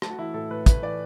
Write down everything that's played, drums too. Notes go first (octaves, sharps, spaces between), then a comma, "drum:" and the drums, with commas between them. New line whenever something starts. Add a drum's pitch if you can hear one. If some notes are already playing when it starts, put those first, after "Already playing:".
A3 A5, drum: rim click
F#4
E3 E4
A2 A4
A2 B4
A3 B4, drum: kick, hi-hat
E3 D5